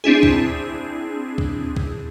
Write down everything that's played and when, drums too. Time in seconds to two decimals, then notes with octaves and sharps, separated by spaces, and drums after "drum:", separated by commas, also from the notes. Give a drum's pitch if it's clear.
0.04 C4 D4 E4 G#4
0.23 drum: kick
1.38 drum: kick
1.76 drum: kick